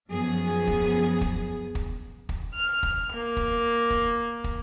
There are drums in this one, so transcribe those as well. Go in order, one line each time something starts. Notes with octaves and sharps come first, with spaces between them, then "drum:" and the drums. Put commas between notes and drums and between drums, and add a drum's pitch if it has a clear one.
F#2 F3 B3 G#4
drum: kick
drum: kick
drum: kick
drum: kick
F6
drum: kick
A#3
drum: kick
drum: kick
drum: kick